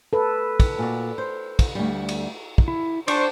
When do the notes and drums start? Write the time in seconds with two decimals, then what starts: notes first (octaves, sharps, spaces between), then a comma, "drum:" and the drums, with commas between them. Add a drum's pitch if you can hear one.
0.13 A4 B4
0.60 drum: kick, cymbal
0.78 A#2 F#4 D5
1.18 C5
1.59 drum: kick, cymbal
1.75 D2 G3
2.09 drum: cymbal
2.58 drum: kick
2.68 E4
3.08 D4 C5 D5 C#6, drum: cymbal